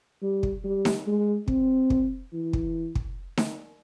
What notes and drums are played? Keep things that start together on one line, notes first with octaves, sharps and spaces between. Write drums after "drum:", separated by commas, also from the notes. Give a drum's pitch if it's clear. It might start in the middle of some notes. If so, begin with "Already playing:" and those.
G3
drum: kick
G3
drum: snare D#4
G#3
C4, drum: kick
drum: kick
E3
drum: kick
drum: kick
drum: snare D#4